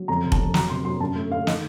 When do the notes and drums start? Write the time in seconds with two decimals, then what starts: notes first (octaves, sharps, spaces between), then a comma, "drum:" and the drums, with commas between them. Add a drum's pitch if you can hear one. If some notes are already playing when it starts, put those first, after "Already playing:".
Already playing: F#3
0.08 F2 A#5
0.24 C3
0.32 A5, drum: kick F1
0.39 F2
0.54 F#3 A#5, drum: snare
0.70 C3 C6
0.85 F#3 C6
1.00 F#2 A5
1.16 A3
1.31 A3 F5
1.47 D#3 D#5, drum: snare